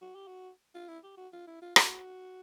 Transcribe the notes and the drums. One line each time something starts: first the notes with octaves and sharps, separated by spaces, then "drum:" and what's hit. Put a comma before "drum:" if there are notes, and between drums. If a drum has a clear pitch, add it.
F#4
G4
F#4
F4
E4
G4
F#4
F4
E4
F4
F#4, drum: rim click